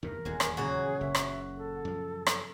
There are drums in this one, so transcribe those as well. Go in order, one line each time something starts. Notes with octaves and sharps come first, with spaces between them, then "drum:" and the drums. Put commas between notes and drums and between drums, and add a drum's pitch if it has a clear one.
E2 G2 A#2 A#4
D#1 E2 G#2 G#3 F#4
drum: rim click
A#2 C#3 F#3 F#4 G#4
F#1 E5
drum: rim click
A4
F#2 F3
drum: rim click